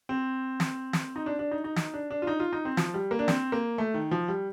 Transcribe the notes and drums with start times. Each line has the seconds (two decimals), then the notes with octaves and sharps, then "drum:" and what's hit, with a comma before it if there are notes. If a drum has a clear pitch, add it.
0.09 C4
0.60 drum: snare
0.93 drum: snare
1.16 D#4
1.26 D4
1.39 D4
1.51 D#4
1.64 D#4
1.76 D#4, drum: snare
1.94 D4
2.11 D4
2.22 F4
2.27 D#4
2.40 F4
2.53 D#4
2.65 C4
2.77 F3, drum: snare
2.94 G3
3.11 A#3
3.19 D4
3.28 C4, drum: snare
3.52 A#3
3.78 A3
3.94 D#3
4.11 F3
4.28 G3